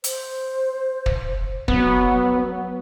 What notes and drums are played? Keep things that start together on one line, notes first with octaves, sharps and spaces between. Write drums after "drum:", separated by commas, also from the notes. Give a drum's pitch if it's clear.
C5, drum: hi-hat
drum: kick
F#3 B3, drum: kick